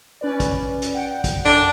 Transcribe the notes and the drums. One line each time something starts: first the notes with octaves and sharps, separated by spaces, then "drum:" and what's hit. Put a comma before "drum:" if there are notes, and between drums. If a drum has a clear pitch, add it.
C#4 B4 D5
drum: kick, hi-hat
drum: hi-hat
F#5 G5
drum: kick, hi-hat
F#2 D4